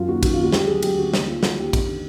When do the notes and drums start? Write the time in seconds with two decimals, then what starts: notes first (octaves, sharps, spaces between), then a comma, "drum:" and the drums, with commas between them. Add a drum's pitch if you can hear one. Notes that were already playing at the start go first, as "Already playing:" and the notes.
Already playing: F#2 F#3 F4
0.08 D#2 F#4
0.23 D#3 F#4, drum: kick, cymbal
0.34 F4
0.38 D#2
0.43 F#4
0.53 D2 G4, drum: snare
0.67 F#3 G#4
0.82 F#3 G4, drum: cymbal
0.98 D2 F#4
1.14 D#2, drum: snare
1.28 D#2 F4
1.43 D#2 F#4, drum: snare
1.58 D#2 G4
1.73 F2, drum: kick, cymbal
1.88 D3